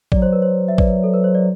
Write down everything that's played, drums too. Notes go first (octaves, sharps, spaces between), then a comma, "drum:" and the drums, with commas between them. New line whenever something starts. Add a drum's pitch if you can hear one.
F#3 D5, drum: kick A1
C5
B4
C5
E5
B4 D5, drum: kick A1
A4
B4
C5
D5